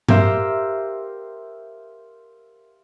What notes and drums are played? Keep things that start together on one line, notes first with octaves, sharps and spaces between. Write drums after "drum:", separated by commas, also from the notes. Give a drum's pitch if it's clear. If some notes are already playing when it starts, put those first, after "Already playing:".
G4 A#4 C5 E5 F5, drum: tom G2